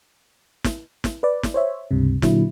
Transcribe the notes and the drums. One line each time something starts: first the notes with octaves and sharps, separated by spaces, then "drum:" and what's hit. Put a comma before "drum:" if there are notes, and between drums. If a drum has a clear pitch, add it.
drum: snare
drum: snare
B4 D5
drum: snare
C5 C#5 E5
C#2 G2 C3
A#2 D3 F#3 E4, drum: snare